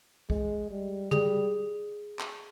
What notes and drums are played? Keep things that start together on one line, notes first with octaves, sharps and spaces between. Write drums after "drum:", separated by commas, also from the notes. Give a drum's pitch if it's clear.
G#3, drum: kick
G3
G3 G#4, drum: tom
drum: clap